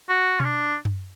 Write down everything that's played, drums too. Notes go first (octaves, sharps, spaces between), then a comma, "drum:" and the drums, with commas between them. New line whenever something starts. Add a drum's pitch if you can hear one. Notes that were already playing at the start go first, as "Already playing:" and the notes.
F#4
C#4, drum: tom B2
D4
drum: tom F#2